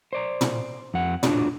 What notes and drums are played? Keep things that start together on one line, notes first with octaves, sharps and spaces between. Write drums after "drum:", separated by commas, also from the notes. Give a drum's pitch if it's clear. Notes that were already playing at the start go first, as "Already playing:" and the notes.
C5 D5 A#5
drum: tom
F2 F#5
D4 F4 F#4 G#4 C#5 D5, drum: tom